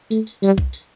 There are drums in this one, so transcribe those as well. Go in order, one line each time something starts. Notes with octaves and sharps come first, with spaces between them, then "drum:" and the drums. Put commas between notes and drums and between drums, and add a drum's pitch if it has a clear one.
A3, drum: tambourine
drum: tambourine
G3, drum: tambourine
drum: kick B1
drum: tambourine